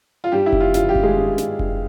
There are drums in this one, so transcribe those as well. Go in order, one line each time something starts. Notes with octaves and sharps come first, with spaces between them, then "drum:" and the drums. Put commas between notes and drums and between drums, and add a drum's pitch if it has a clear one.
F4
G2 G3 G4
E4
G2, drum: kick F1
F4
G2 F4, drum: snare
G3 G4
G2, drum: kick F1
G#3 G#4
G2
G2, drum: snare
G2, drum: kick F1